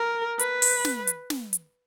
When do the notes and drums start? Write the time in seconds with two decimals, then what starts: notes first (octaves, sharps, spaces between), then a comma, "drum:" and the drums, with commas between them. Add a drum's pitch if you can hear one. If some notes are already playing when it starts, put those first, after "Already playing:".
Already playing: A#4
0.39 B4, drum: hi-hat
0.62 drum: open hi-hat
0.85 drum: snare
1.07 drum: hi-hat
1.30 drum: snare
1.53 drum: hi-hat